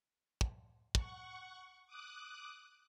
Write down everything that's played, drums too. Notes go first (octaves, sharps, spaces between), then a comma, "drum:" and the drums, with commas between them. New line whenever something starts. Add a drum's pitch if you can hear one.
drum: kick
F#5 C#6, drum: kick
D6 D#6 F#6